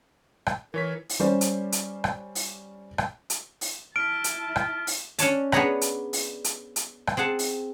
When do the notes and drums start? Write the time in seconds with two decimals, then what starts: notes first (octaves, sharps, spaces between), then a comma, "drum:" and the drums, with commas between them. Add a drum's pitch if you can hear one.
0.46 drum: rim click
0.74 E3 A#4 C#5 B6
1.09 drum: open hi-hat
1.20 G3 C#4 C5 D5
1.41 drum: hi-hat
1.72 drum: hi-hat
2.04 drum: rim click
2.35 drum: open hi-hat
2.98 drum: rim click
3.30 drum: hi-hat
3.61 drum: open hi-hat
3.96 E4 A5 F6 B6 D7
4.24 drum: hi-hat
4.56 drum: rim click
4.87 drum: open hi-hat
5.19 C#4 D4 C#5 A5, drum: hi-hat
5.52 B3 D4 G#4 C#5 A#5 B5, drum: rim click
5.81 drum: hi-hat
6.13 drum: open hi-hat
6.44 drum: hi-hat
6.76 drum: hi-hat
7.07 drum: rim click
7.17 C4 G#4 F#5 A5
7.39 drum: open hi-hat